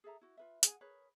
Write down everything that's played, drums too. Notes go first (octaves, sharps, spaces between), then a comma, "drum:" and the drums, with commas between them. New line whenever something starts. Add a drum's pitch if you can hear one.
G#4 A4 E5 A#5
E4 F#4
F4 B4 E5
G#4 F#5 G#5, drum: hi-hat
G#4 A#4 B4 C#5